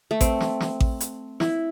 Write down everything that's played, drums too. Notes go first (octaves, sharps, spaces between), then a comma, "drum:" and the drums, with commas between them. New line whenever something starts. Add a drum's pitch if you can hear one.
A3
C4, drum: kick A1, hi-hat
drum: snare
drum: snare
drum: kick A1
drum: hi-hat
E4, drum: snare